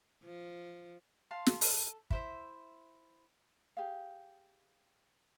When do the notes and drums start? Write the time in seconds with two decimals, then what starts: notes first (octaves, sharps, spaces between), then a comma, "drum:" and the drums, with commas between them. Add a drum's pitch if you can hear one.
0.24 F3
1.31 F5 A5 C6
1.46 drum: snare
1.61 A4, drum: open hi-hat
2.10 E4 C5 E5, drum: kick
3.77 G4 G#4 F5